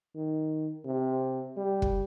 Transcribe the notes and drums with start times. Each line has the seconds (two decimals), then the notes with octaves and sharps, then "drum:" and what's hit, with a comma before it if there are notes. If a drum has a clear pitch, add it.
0.16 D#3
0.85 C3
1.57 G3
1.82 drum: kick